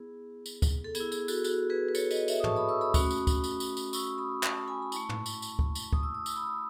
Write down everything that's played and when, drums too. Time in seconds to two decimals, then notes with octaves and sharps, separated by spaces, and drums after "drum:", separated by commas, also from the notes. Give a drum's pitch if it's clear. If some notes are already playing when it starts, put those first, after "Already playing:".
Already playing: B3 E4 G#4
0.46 drum: tambourine
0.62 drum: kick, tambourine
0.84 A4
0.95 B3 G#4, drum: tambourine
1.00 E4
1.12 G#4, drum: tambourine
1.28 F#4 A4, drum: tambourine
1.44 F#4 A4, drum: tambourine
1.70 G#4 B4
1.89 B4
1.95 A4 C#5, drum: tambourine
2.11 B4 D#5, drum: tambourine
2.28 C#5 E5, drum: tambourine
2.40 D#6
2.44 A5 C#6, drum: tom
2.56 B5 D#6
2.69 C#6 E6
2.81 B5 D#6
2.94 A3 C#4 F#4, drum: kick, tambourine
3.11 drum: tambourine
3.27 drum: kick, tambourine
3.44 drum: tambourine
3.60 drum: tambourine
3.77 drum: tambourine
3.93 C#6 E6, drum: tambourine
4.18 B5 D#6
4.43 A5 C#6, drum: clap
4.68 G#5 B5
4.82 B5
4.92 A3 E4 A5 C#6, drum: tambourine
5.09 drum: tom
5.26 drum: tambourine
5.42 drum: tambourine
5.59 drum: kick
5.75 drum: tambourine
5.93 D#6, drum: kick
6.03 E6
6.15 D#6
6.26 E6, drum: tambourine
6.36 B5 D#6